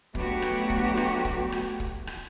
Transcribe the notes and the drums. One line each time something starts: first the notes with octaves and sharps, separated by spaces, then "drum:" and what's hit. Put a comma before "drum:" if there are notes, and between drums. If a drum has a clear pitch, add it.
F#3 A3 B3 D4 F#4 G4, drum: kick
drum: rim click
drum: kick
drum: rim click
drum: kick
drum: rim click
drum: kick
drum: rim click